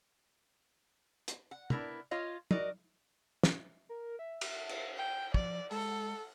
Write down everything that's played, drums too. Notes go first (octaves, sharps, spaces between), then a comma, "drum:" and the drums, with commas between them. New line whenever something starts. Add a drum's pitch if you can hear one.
drum: hi-hat
F#5
B3 D4 E4 A#4, drum: tom
F4 C#5 D#5 F5
F#4 A#4 D5 D#5, drum: tom
drum: snare
A#4
E5
drum: cymbal
drum: cymbal
G5
F3 D5, drum: kick
G#3 A4, drum: open hi-hat